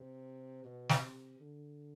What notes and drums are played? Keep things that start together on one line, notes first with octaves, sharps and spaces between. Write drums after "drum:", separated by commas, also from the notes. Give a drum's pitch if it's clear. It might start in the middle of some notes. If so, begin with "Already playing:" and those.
Already playing: C3
B2
drum: snare
C3
D3